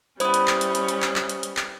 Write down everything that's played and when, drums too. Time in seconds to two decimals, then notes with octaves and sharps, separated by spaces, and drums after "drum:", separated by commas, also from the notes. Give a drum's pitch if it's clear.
0.20 G3 B3 C#4 E4 C5 D#6, drum: hi-hat
0.34 drum: hi-hat
0.47 drum: clap
0.61 drum: hi-hat
0.75 drum: hi-hat
0.88 drum: hi-hat
1.02 drum: clap
1.16 drum: clap
1.29 drum: hi-hat
1.43 drum: hi-hat
1.57 drum: clap